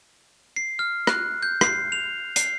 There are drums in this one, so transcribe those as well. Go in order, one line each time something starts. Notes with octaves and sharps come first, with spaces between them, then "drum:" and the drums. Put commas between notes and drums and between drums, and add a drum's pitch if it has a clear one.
C7
F6
F#6, drum: rim click
G6
C7, drum: rim click
F7
C7, drum: hi-hat